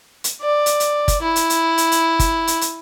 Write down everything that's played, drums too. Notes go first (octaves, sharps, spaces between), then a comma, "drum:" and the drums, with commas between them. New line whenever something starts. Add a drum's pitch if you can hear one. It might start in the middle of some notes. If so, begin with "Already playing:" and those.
drum: hi-hat
D5
drum: hi-hat
drum: hi-hat
drum: kick, hi-hat
E4
drum: hi-hat
drum: hi-hat
drum: hi-hat
drum: hi-hat
drum: kick, hi-hat
drum: hi-hat
drum: hi-hat